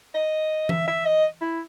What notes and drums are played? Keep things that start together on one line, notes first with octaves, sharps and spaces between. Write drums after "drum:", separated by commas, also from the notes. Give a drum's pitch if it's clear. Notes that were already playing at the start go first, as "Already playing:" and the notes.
D#5
E5, drum: tom E3
E5
D#5
E4